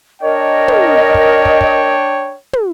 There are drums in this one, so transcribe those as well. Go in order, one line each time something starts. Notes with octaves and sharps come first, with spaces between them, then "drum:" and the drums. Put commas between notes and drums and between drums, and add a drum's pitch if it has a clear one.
D4 A#4 C#5 D#5 G5
drum: tom
drum: kick
drum: kick
drum: kick
drum: tom